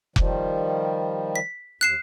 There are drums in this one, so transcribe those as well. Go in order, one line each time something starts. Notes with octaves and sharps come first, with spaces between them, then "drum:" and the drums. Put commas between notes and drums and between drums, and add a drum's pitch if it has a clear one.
D#3 F3 G3, drum: kick F1
B6
D#2 F#6 C7 E7